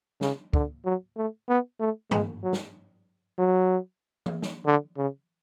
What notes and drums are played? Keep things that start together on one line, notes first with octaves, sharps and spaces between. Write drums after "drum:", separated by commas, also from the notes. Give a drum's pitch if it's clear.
C#3, drum: snare
D3, drum: kick
F#3
A3
B3
A3
G#3, drum: tom
F#3
drum: snare
F#3
drum: tom E3
drum: snare
D3
C#3